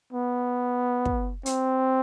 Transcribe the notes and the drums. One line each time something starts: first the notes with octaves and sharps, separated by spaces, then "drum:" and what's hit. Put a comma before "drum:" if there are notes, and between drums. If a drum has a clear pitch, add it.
B3
drum: kick
C4, drum: hi-hat